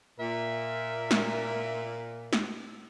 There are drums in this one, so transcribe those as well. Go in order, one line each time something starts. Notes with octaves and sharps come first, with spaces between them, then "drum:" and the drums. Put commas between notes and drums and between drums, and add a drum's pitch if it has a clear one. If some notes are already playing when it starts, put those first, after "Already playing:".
A#2 A#4 E5
drum: snare
drum: snare